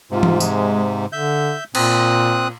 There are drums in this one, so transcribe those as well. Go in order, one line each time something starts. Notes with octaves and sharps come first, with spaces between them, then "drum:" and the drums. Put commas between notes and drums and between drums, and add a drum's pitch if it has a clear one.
G#2 C3 F4
drum: tom E3
G#3, drum: tambourine
D3 E5 G6
A#2 C4 D#6 F#6, drum: cymbal